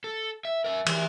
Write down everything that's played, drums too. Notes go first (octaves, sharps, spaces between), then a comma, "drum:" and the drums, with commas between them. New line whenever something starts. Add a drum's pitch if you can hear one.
A4
E5
A#4 E5
E3, drum: cymbal